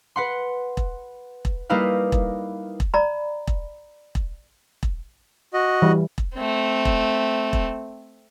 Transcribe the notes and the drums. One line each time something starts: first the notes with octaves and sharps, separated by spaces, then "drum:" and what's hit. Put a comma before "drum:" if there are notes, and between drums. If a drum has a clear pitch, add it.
B4 F#5 C6
drum: kick E1
drum: kick E1
G3 A#3 D#4 E4 B4 F5
drum: kick E1
drum: kick E1
D5 A#5 B5
drum: kick E1
drum: kick E1
drum: kick E1
F#4 D#5
E3 G3
drum: kick E1
A3 C4
drum: kick E1
drum: kick E1